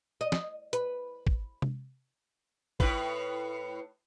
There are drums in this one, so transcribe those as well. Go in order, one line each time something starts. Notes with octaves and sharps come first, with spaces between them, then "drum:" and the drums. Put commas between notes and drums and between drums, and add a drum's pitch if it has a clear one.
D#5
drum: snare
B4, drum: hi-hat
drum: kick
drum: tom C3
A2 B4, drum: kick